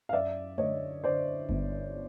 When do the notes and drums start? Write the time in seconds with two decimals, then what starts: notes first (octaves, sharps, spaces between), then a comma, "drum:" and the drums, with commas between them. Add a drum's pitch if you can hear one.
0.09 F5
0.13 F#2 D5 E5
0.58 D3 C#5 D#5, drum: tom G#3
1.04 D3 C5 D5
1.49 G1, drum: kick G1